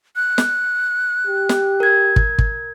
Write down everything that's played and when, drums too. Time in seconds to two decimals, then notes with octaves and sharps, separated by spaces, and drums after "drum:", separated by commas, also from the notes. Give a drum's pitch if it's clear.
0.16 F#6
0.38 drum: snare
1.27 G4
1.49 drum: snare
1.80 A#4 G#6
2.16 drum: kick
2.38 drum: kick